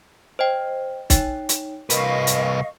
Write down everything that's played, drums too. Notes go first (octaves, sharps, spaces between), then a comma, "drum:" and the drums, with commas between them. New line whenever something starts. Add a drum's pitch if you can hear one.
C5 D#5 G5
D#4 C#5 G5, drum: kick, hi-hat
drum: hi-hat
C2 A#4 B4 D#5 F5 C#6, drum: hi-hat
drum: hi-hat